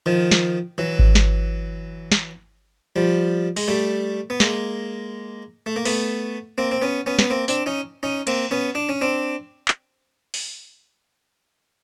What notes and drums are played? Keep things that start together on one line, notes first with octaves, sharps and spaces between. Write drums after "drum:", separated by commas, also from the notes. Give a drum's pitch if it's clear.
D#3 F3
drum: snare
E3 F#3
drum: kick G#1
drum: snare
drum: snare
F3 G3
G#3, drum: open hi-hat
G3 A3
B3
G#3 A#3, drum: snare
A3
A#3
A3 B3, drum: open hi-hat
A#3 C4
C4
B3 C#4
B3 C#4
B3, drum: snare
A#3 C4
C4 D4, drum: tambourine
C#4 D#4
C#4 D#4
A#3 C4, drum: cymbal
B3 C#4
D4
C#4
C4 D4
drum: clap
drum: open hi-hat